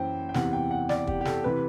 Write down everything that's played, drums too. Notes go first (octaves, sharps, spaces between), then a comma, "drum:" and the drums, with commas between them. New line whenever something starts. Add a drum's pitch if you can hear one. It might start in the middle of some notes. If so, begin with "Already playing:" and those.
Already playing: F#2 E3 C5 G5
G5
E2 C3 E3 F#5, drum: snare
G5
F#5
D5, drum: snare
G4, drum: kick
G4
A4, drum: snare
C3 E3 B4